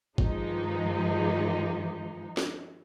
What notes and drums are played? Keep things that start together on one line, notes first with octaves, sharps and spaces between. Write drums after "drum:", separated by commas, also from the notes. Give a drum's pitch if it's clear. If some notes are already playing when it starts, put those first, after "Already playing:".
G2 D#3 F3 G#3 D#4, drum: kick
drum: snare